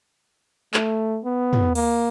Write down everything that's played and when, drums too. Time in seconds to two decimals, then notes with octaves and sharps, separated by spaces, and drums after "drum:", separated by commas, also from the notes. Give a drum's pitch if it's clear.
0.74 A3, drum: clap
1.25 B3
1.53 drum: tom
1.75 A#3, drum: cymbal